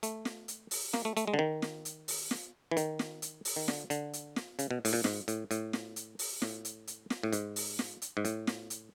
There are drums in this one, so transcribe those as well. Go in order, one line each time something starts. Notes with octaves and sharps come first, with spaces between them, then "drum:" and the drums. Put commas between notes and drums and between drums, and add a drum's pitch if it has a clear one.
A3, drum: hi-hat
drum: snare
drum: hi-hat
drum: open hi-hat
A#3, drum: snare
A3
A3, drum: hi-hat
G#3
D3
D#3
drum: snare
drum: hi-hat
drum: open hi-hat
drum: snare
E3
D#3, drum: hi-hat
drum: snare
drum: hi-hat
drum: open hi-hat
D#3
D3, drum: snare
D3, drum: hi-hat
drum: hi-hat
drum: snare
C#3, drum: hi-hat
B2
A2, drum: open hi-hat
A#2
G#2, drum: snare
A2, drum: hi-hat
A2, drum: hi-hat
drum: snare
drum: hi-hat
drum: open hi-hat
A2, drum: snare
drum: hi-hat
drum: hi-hat
drum: snare
A2
G#2, drum: hi-hat
drum: open hi-hat
drum: snare
drum: hi-hat
G#2
A2, drum: hi-hat
drum: snare
drum: hi-hat